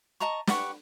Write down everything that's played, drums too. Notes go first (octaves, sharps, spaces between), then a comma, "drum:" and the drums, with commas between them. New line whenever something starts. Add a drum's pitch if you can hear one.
D#5 A5 A#5 C#6
G4 B4 F#5 C#6, drum: snare